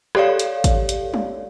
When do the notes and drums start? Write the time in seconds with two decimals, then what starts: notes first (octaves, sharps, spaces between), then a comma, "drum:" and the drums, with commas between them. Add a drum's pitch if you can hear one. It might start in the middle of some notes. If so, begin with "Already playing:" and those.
0.15 G4 A4 C#5 D5 F5, drum: rim click
0.39 drum: hi-hat
0.64 drum: kick G#1, hi-hat
0.89 drum: hi-hat
1.14 drum: tom